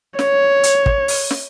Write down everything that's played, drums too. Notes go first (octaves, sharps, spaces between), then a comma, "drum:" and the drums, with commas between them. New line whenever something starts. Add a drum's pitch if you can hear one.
C#5, drum: snare
drum: hi-hat
drum: kick
drum: open hi-hat
drum: snare